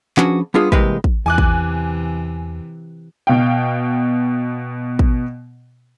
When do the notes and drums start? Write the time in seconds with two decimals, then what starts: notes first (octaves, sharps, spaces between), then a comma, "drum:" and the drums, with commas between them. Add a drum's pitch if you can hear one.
0.17 F3 C#4 D4 F#4 G#4 B4, drum: clap
0.54 G3 B3 D4 F4 G#4
0.72 C2 E3 G#3 A#3 G4 B4, drum: kick
1.04 drum: kick
1.26 E2 C3 E3 G#5 D6 F#6
1.38 drum: kick
3.27 B2 F5 G5
4.99 drum: kick